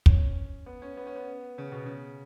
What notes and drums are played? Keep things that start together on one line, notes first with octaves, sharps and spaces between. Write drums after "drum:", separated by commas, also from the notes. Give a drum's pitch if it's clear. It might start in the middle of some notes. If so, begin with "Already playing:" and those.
C#4, drum: kick
B3
C#4
B3
C#4
B3
C#3
B2
C#3